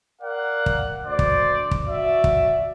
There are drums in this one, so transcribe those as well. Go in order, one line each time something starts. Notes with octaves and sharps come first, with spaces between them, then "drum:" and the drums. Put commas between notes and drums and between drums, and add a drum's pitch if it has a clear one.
A#4 D5 F5 F#5
drum: kick
D2 C5 D5
drum: kick
drum: kick
F#4 D5 E5
drum: kick